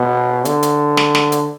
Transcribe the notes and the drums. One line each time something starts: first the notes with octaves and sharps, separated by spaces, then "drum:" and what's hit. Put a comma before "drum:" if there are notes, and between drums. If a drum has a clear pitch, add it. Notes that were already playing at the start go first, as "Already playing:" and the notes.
Already playing: B2
D3, drum: hi-hat
drum: hi-hat
drum: snare
drum: snare
drum: hi-hat